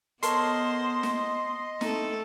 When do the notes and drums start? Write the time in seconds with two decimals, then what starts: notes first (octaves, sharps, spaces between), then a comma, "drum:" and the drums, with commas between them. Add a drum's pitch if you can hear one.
0.23 B3 A4 A#4 C5 C#5 D#5 C6, drum: hi-hat
1.03 drum: snare
1.81 A3 C4 D#4 A4, drum: snare